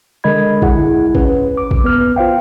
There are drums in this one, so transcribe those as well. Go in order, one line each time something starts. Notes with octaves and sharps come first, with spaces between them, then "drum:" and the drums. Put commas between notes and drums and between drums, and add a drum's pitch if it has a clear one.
D3 G#3 A#4 D#5 B5 G#6
E4 G#4 F#5, drum: kick A1
C#4 B4, drum: kick A1
D6
drum: kick A1
B3 B4 F6
F4 C5 F5 G5